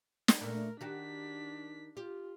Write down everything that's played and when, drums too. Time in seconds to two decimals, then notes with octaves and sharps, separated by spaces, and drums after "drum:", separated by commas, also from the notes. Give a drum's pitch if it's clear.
0.28 drum: snare
0.41 A#2 A3 D4 A#4
0.81 D#3 D4 F#4 G4 B6
1.97 F4 G4